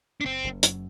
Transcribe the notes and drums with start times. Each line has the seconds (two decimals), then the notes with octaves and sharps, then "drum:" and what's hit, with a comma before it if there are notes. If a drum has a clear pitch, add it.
0.21 D4
0.26 F#1 C4
0.44 F#1
0.63 F#2, drum: hi-hat